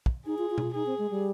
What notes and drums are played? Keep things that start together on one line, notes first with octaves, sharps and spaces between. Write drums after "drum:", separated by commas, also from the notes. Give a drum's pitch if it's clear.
drum: kick
D#4 G#4
F4
F4
D#4, drum: tom B2
F4
D#4 G#4
C4
G#3
G3